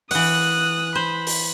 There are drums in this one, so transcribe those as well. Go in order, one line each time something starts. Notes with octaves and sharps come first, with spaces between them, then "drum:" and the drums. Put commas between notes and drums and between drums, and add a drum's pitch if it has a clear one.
E3 F#5 D#6 F#6, drum: open hi-hat
C5 B5
drum: open hi-hat